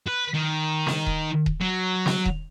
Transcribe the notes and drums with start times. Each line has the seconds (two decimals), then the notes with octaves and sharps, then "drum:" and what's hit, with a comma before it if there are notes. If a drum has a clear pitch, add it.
0.07 B4
0.33 D#3
0.87 drum: snare
1.06 drum: kick D#1
1.46 drum: kick D#1
1.61 F#3
2.06 drum: snare
2.26 drum: kick D#1